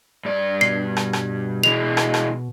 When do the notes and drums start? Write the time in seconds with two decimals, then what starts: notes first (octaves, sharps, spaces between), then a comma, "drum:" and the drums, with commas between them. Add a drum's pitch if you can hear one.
0.25 G2 D5
0.61 B2 C7
0.97 drum: rim click
1.13 drum: rim click
1.64 E3 G#3 F7
1.97 drum: rim click
2.14 drum: rim click